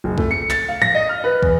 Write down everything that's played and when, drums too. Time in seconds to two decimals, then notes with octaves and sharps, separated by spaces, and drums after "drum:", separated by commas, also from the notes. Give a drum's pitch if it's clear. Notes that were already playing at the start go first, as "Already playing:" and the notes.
0.04 F#1
0.18 A3, drum: kick
0.31 C#7
0.50 A6, drum: clap
0.69 F5
0.82 A#6, drum: tom A2
0.95 D#5
1.09 F6
1.24 B4
1.42 E2, drum: kick